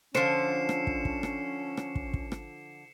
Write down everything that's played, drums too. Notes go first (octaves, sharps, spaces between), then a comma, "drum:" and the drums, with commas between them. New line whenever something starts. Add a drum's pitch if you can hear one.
D3 F3 C#4 C5 C6 C7 C#7 E7, drum: rim click
drum: rim click
drum: kick
drum: kick
drum: rim click
drum: rim click
drum: kick
drum: kick
drum: rim click